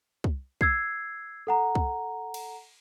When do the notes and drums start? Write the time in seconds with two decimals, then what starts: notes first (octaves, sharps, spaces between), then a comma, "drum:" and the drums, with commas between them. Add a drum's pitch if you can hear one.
0.24 drum: kick
0.61 E6 G#6 C7, drum: kick
1.47 A4 F#5 A#5
1.75 drum: kick
2.34 drum: cymbal